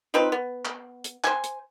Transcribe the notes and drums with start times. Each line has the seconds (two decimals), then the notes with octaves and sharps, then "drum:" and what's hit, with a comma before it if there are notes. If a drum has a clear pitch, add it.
0.14 F3 C4 D#4 B4
0.32 B3
0.65 drum: clap
1.04 drum: hi-hat
1.24 C5 G#5, drum: clap
1.44 drum: hi-hat